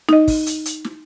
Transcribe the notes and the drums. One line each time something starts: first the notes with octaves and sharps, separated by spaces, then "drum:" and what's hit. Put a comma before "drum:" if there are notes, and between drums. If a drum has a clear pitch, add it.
D#4 D#5, drum: snare
drum: kick, open hi-hat
drum: hi-hat
drum: hi-hat
drum: snare